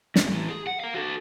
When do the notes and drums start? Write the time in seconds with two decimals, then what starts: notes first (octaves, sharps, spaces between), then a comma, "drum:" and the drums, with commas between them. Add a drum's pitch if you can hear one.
0.16 F#2 C3, drum: snare
0.30 A2 E3
0.49 G#4
0.67 F#5
0.80 A#4 F5
0.95 F#4 A4